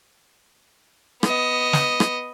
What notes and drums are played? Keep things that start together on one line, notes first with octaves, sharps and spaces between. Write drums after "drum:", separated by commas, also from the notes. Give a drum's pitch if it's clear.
B3 D#5, drum: rim click
drum: snare
drum: rim click